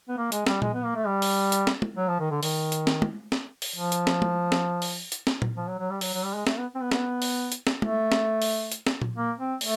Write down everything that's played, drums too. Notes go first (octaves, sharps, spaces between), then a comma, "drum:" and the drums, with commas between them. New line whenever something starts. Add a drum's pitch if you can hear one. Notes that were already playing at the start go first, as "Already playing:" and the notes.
B3
A#3
G#3, drum: hi-hat
G3, drum: snare
G#3, drum: tom A#2
B3
A#3
A3
G3
drum: open hi-hat
drum: hi-hat
drum: snare
drum: tom G#3
F#3
F3
D#3
D3
D#3, drum: open hi-hat
drum: hi-hat
drum: snare
drum: tom G#3
drum: snare
drum: open hi-hat
F3
drum: hi-hat
drum: snare
drum: tom G#3
drum: snare
drum: open hi-hat
drum: hi-hat
drum: snare
drum: tom A#2
F3
F#3
F#3
G3
F#3, drum: open hi-hat
F#3
G3
G#3
A3, drum: snare
B3
C4
B3
B3, drum: snare
drum: open hi-hat
drum: hi-hat
drum: snare
A3, drum: tom G#3
drum: snare
drum: open hi-hat
drum: hi-hat
drum: snare
drum: tom A#2
A#3
C4
A3, drum: open hi-hat